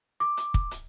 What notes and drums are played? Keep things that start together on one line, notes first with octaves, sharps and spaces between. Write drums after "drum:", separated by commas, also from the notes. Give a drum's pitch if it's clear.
D6
drum: hi-hat
drum: kick
drum: hi-hat